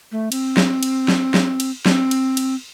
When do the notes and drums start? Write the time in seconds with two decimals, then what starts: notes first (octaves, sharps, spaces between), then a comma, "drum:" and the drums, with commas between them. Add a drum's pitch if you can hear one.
0.12 A3
0.32 C4, drum: cymbal
0.57 drum: snare
0.83 drum: cymbal
1.08 drum: snare
1.34 drum: snare
1.60 drum: cymbal
1.86 C4, drum: snare
2.11 drum: cymbal
2.37 drum: cymbal